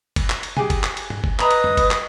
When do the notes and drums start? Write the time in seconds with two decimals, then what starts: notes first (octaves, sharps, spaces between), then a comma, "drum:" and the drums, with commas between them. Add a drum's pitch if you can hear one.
0.16 drum: kick, cymbal
0.30 drum: clap
0.43 drum: cymbal
0.57 G4 G#4 G#5, drum: tom B2
0.70 drum: kick, cymbal
0.83 drum: clap
0.97 drum: cymbal
1.10 drum: tom G#2
1.24 drum: kick
1.39 B4 D#5 E5 A#5 B5 D#6, drum: clap
1.51 drum: cymbal
1.64 drum: tom F2
1.77 drum: kick, cymbal
1.91 drum: clap